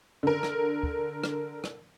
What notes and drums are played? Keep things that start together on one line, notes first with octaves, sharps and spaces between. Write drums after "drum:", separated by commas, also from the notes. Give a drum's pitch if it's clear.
D3 A#4
drum: rim click
drum: kick
drum: rim click
drum: rim click